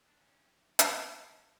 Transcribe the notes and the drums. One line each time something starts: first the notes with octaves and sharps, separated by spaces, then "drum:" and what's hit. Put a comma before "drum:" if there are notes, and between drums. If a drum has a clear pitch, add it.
D4
G2 D#3 F#3 A3 C4 C#4
drum: hi-hat
C4
C#4